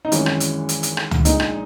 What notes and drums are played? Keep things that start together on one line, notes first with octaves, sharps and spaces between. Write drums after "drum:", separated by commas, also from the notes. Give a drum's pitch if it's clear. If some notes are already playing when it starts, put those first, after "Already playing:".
D#4
G#1 F#2 E3 G#3 C#4, drum: hi-hat
drum: rim click
drum: hi-hat
drum: hi-hat
drum: hi-hat
drum: rim click
drum: tom C#2
A#1 A#2 G#3 D#4, drum: hi-hat
drum: rim click